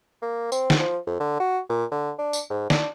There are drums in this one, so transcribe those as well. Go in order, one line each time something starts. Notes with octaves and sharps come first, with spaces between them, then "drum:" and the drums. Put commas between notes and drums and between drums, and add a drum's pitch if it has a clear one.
A#3
C4, drum: tambourine
drum: snare
F3
F2
D3
F#4
A#2
D3
D4
drum: tambourine
G#2
D4, drum: snare